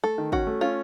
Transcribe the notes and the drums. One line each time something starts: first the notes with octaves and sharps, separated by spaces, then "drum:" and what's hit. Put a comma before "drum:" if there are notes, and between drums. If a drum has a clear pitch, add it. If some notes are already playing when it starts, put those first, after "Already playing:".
A3 A4
D#3
C#4 F#4, drum: kick
A3
C#4 F4